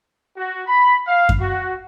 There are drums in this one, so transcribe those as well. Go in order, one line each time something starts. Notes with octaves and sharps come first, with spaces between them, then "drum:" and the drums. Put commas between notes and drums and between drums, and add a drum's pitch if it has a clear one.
F#4
B5
F5
drum: kick F#2
F#4